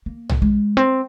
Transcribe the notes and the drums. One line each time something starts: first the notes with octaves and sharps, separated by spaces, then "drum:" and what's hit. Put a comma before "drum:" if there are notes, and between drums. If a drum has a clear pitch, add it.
A#3
drum: tom B1
G#3
C4